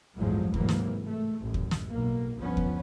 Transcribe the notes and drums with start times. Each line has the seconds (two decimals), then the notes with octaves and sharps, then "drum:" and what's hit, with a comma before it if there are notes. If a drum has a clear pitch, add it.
0.18 A1 E2 G2 F3 F#3 G#3
0.54 G#2 C3 E3 F#3 A#3, drum: kick
0.69 drum: snare
1.06 A3
1.41 A1 F#2
1.54 drum: kick
1.71 drum: snare
1.88 B1 A#3
2.36 G1 C#2 F3 B3 C#4
2.57 drum: kick